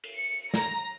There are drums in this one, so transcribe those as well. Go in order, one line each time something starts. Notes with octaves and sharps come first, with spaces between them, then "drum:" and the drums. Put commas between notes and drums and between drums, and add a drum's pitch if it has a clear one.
drum: cymbal
C#7
A#5, drum: snare